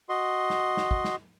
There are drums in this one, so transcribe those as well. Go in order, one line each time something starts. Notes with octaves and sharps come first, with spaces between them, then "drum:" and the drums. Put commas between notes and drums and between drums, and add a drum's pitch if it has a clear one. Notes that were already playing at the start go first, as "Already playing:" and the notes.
F#4 D#5 C6
drum: snare
drum: snare
drum: kick
drum: snare